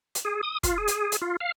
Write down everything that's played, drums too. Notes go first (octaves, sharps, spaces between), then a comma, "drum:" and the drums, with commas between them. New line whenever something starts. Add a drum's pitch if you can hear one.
drum: hi-hat
G#4
D#6
F4, drum: kick, hi-hat
G#4
drum: hi-hat
drum: hi-hat
F4
F5